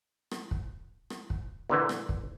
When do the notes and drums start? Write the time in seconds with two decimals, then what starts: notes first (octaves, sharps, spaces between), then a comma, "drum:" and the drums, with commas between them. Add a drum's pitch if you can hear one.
0.31 drum: rim click
0.51 drum: kick
1.10 drum: rim click
1.30 drum: kick
1.69 A#2 D3 E3
1.89 drum: rim click
2.09 drum: kick